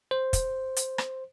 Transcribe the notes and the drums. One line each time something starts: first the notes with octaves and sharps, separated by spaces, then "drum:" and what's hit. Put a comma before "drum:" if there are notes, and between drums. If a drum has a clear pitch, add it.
C5
drum: kick, hi-hat
drum: hi-hat
drum: rim click